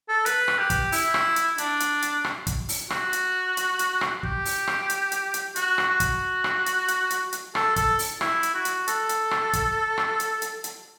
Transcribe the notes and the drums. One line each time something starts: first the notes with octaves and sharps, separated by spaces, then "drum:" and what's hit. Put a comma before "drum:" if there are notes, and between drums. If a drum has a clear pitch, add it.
A4
B4, drum: hi-hat
drum: rim click
G4
drum: kick, hi-hat
E4, drum: open hi-hat
drum: rim click
drum: hi-hat
D4, drum: hi-hat
drum: hi-hat
drum: hi-hat
drum: rim click
drum: kick, hi-hat
drum: open hi-hat
F#4, drum: rim click
drum: hi-hat
drum: hi-hat
drum: hi-hat
drum: rim click
G4, drum: kick
drum: open hi-hat
drum: rim click
drum: hi-hat
drum: hi-hat
drum: hi-hat
F#4, drum: hi-hat
drum: rim click
F#4
drum: kick, hi-hat
drum: rim click
drum: hi-hat
drum: hi-hat
drum: hi-hat
drum: hi-hat
A4, drum: rim click
A4, drum: kick, hi-hat
drum: open hi-hat
E4, drum: rim click
drum: hi-hat
F#4
drum: hi-hat
A4, drum: hi-hat
drum: hi-hat
drum: rim click
drum: kick, hi-hat
drum: rim click
drum: hi-hat
drum: hi-hat
drum: hi-hat